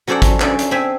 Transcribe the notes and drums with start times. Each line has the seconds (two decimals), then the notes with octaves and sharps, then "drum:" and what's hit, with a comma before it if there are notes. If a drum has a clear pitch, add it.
0.07 F#3 C#4 A4 C5 D5 F#5
0.22 drum: kick, hi-hat
0.40 C#4 D4 A4 D5, drum: clap
0.59 drum: hi-hat
0.71 C4 C5 E5 G#5